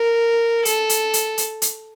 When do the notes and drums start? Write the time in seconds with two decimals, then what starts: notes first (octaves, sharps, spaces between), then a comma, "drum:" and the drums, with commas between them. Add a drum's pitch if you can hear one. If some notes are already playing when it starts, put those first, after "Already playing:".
Already playing: A#4
0.65 A4, drum: hi-hat
0.89 drum: hi-hat
1.14 drum: hi-hat
1.38 drum: hi-hat
1.62 drum: hi-hat